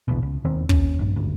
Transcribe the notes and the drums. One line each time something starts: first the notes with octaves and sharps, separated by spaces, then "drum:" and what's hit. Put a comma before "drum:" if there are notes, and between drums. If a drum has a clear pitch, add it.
D1 A#1 E2 B2
C#2
E1 D#2 D#3 C4
D#2 C#4, drum: kick
A#1 G2
G#1 D2 G2